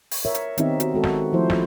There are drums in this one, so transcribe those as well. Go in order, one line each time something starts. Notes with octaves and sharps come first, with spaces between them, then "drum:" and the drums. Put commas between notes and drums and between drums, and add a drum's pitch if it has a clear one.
drum: open hi-hat
A#4 C#5 E5
drum: hi-hat
D#3 B3 C4 D#4 G4 E5, drum: hi-hat
F#4, drum: hi-hat
G#3 F#4 A4
drum: snare
F3 A3 E4 C5
drum: snare